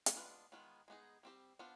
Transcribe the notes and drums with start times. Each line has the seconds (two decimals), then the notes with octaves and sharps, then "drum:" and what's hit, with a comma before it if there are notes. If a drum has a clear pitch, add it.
0.06 drum: hi-hat
0.16 G#3 B3 D4 F4 B4
0.52 D#3 G#3 B3 F4
0.88 G#3 B3 D#4 G#4
1.23 G3 C4 G4 C5
1.59 B3 D4 F4 C5